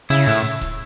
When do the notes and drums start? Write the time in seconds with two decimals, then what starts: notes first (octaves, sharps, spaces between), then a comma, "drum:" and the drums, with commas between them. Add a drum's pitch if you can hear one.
0.10 C#3 E4
0.27 A2 E4, drum: open hi-hat
0.44 drum: hi-hat
0.61 drum: kick, hi-hat